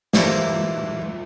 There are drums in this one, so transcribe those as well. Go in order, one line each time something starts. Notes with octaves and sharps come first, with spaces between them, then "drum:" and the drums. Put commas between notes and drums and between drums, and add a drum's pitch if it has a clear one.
E3 G3 A#3 E4 A4 C5, drum: snare